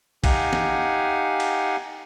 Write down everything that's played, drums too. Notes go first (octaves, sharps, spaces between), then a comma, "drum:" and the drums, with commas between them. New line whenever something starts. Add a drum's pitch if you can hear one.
D#4 G4 F5 F#5 G#5, drum: kick A#1, cymbal
drum: snare
drum: cymbal